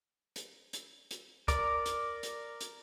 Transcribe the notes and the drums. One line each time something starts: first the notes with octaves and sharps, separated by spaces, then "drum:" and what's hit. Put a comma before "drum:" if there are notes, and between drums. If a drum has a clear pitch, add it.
drum: hi-hat
drum: hi-hat
drum: hi-hat
A#4 D5, drum: kick, hi-hat
drum: hi-hat
drum: hi-hat
drum: hi-hat